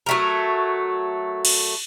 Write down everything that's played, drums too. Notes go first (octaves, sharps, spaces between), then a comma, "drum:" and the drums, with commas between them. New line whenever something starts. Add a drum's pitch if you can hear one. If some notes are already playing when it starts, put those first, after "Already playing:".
F#3 A3 A#4
drum: cymbal